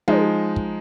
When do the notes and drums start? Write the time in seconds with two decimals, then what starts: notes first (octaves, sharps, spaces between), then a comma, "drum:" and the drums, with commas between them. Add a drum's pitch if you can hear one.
0.08 F3 G#3 D#4, drum: tom
0.56 drum: kick